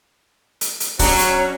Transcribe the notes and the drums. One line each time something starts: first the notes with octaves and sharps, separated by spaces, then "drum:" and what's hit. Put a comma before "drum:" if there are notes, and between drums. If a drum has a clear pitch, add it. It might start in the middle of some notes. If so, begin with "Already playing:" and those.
drum: hi-hat
drum: hi-hat
F#3 C#4 D4 F#4 A#5, drum: kick, open hi-hat
drum: hi-hat